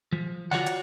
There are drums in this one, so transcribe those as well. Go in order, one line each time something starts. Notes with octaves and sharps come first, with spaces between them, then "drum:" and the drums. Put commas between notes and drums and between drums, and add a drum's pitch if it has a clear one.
F3
F4 F#4 C#5 D5 F#5, drum: snare
drum: hi-hat